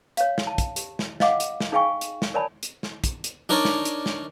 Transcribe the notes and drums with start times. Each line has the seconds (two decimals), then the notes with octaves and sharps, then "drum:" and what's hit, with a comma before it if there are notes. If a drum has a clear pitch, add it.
0.17 C#5 F5, drum: hi-hat
0.38 drum: snare
0.47 A5
0.58 drum: kick, hi-hat
0.76 G4, drum: hi-hat
0.99 drum: snare
1.20 D#5 F5 F#5 D6, drum: snare
1.40 drum: hi-hat
1.60 drum: snare
1.72 D#4 G#4 F5 G5 G#5 C#6
2.01 drum: hi-hat
2.22 drum: snare
2.34 A#4 C#5 D5 G#5 A5 B5
2.63 drum: hi-hat
2.83 drum: snare
3.04 drum: kick, hi-hat
3.24 drum: hi-hat
3.49 D4 D#4 A#4 C#5 D5
3.65 drum: snare
3.85 drum: hi-hat
4.06 drum: snare